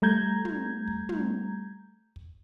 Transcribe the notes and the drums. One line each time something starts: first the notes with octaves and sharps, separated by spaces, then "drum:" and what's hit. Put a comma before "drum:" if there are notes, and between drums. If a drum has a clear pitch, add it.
G3 A3 A#5 G6 G#6
drum: tom
drum: kick
drum: tom
drum: kick